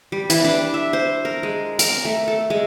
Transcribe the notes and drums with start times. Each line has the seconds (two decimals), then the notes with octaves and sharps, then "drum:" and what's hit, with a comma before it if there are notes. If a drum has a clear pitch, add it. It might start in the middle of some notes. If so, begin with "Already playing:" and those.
0.12 G3
0.30 E3, drum: hi-hat
0.44 D4
0.74 E5
0.93 C5
1.25 A#4
1.43 G#3
1.79 A#4, drum: hi-hat
2.05 A3
2.28 A4
2.50 G#3